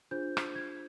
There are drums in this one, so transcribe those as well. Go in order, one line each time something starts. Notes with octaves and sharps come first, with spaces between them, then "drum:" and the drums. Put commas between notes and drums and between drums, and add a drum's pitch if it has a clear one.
D4 F4 G#4 C5 G6
drum: rim click
G#6